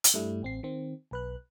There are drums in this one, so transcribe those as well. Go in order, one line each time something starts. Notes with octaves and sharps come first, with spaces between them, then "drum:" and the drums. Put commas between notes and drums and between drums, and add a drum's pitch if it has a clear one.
drum: hi-hat
G2 G3 A3 E4
A1 C4 C7
D#3 C4
B1 B4 F#6